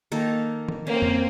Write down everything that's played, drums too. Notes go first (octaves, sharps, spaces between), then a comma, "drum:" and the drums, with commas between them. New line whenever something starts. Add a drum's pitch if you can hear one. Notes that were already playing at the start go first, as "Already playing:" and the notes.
D#3 A#3 A4
drum: tom
A#3 C4 C#4
drum: tom F2